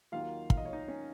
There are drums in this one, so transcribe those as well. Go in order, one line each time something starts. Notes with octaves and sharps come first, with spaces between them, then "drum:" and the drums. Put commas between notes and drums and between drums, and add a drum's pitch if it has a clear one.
D#2 D#3 F#3 A#3 D#4 F4 F5
F5, drum: kick
D#5
C#5
D#4 D#5
C#4 C#5